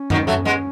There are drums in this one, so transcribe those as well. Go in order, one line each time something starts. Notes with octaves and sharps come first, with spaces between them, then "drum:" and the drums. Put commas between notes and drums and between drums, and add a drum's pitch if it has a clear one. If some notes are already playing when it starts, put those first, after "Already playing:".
Already playing: C#4
D#3 F#3, drum: tom F#2
F#3 A3
G#3 B3